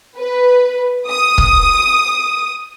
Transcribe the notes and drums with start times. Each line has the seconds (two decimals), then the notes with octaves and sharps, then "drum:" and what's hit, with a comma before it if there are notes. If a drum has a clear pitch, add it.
0.17 B4
1.08 D#6
1.38 drum: kick